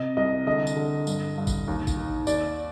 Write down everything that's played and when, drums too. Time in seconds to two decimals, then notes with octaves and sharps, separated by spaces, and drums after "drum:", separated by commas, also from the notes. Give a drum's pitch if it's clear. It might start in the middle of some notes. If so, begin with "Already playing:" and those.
Already playing: C3 D#5
0.17 C2 D#5
0.47 D3 D#5
0.67 drum: tambourine
0.76 D3
1.07 G2, drum: tambourine
1.38 G2
1.47 drum: kick, tambourine
1.68 D#2
1.87 drum: kick, tambourine
1.97 D#3
2.27 D#2 D5, drum: tambourine